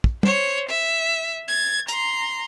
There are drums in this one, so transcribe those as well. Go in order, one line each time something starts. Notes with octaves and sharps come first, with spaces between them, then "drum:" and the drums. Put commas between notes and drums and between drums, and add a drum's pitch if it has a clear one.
drum: kick
C5 C#5, drum: tom
E5
G#6 A6
A#5 C6, drum: hi-hat